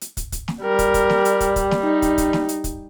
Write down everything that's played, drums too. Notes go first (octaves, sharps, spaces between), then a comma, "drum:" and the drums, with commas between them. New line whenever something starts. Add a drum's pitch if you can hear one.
drum: hi-hat
drum: kick, hi-hat
drum: kick, hi-hat
drum: snare
G3 A#4
drum: kick, hi-hat
drum: kick, hi-hat
drum: snare
drum: hi-hat
drum: kick, hi-hat
drum: kick, hi-hat
drum: snare
D#4
drum: kick, hi-hat
drum: kick, hi-hat
drum: snare
drum: hi-hat
drum: kick, hi-hat